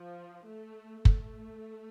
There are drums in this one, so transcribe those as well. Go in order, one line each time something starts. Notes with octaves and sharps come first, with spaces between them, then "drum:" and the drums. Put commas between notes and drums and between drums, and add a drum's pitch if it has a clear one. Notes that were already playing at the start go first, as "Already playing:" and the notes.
Already playing: F3
A3
A3, drum: kick